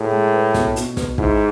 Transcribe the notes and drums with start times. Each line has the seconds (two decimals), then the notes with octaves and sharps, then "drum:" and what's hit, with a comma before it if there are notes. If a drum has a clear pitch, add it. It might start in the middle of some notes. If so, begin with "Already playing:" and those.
Already playing: A2 G#4
0.12 G#3
0.33 B4
0.54 B2, drum: snare
0.76 B2, drum: hi-hat
0.97 B4, drum: snare
1.18 G#2 E4, drum: kick